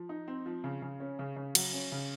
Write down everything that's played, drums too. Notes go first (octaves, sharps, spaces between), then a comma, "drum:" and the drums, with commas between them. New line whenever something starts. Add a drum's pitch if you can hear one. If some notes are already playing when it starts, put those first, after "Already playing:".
Already playing: F3
D#4
C4
F3
C#3
C#3
C#4
C#3
C#3
F#3, drum: cymbal
C#4
C#3